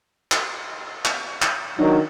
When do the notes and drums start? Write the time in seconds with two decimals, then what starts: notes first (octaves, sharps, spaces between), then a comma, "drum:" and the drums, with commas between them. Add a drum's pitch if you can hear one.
0.32 drum: clap
1.05 drum: clap
1.42 drum: clap
1.79 D#3 F#3 D4 D#4